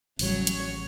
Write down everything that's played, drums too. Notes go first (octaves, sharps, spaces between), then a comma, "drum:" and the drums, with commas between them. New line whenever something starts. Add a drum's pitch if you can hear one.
A1 C#3 F#3 G3 C#5, drum: open hi-hat
drum: hi-hat